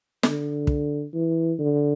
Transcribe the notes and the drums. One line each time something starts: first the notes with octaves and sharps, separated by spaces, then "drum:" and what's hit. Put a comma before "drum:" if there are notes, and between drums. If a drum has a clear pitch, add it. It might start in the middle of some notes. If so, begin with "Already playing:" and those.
D3, drum: snare
drum: kick
E3
D3